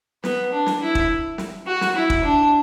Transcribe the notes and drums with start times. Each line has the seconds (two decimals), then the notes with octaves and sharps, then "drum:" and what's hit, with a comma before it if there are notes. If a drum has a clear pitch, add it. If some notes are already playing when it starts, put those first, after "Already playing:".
0.24 B3, drum: snare
0.52 D4
0.66 drum: snare
0.81 E4
0.95 drum: kick
1.38 drum: snare
1.67 F#4
1.81 drum: snare
1.95 E4
2.10 drum: kick
2.24 D4